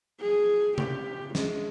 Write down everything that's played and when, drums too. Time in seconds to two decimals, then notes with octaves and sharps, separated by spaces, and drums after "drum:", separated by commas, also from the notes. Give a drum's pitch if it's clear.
0.21 G#4
0.78 G4, drum: tom C3
1.35 G#3, drum: snare